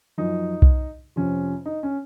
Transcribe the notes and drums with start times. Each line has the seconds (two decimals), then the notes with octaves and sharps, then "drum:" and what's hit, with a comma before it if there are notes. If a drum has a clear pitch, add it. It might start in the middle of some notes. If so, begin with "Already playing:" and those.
0.18 F#2 F3 D#4
0.62 drum: kick B1
1.16 F2 C3 F3 C#4
1.66 D#4
1.83 C#4